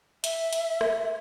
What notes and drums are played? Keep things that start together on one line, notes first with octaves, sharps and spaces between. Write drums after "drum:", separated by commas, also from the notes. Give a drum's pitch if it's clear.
E5, drum: hi-hat
drum: hi-hat
drum: rim click